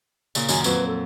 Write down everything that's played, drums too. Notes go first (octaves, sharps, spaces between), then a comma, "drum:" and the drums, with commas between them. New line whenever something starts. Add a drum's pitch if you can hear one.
A#2 C#3, drum: tambourine
F#2 D#3 G#5, drum: tambourine
F2 F#3 B4, drum: tambourine
A4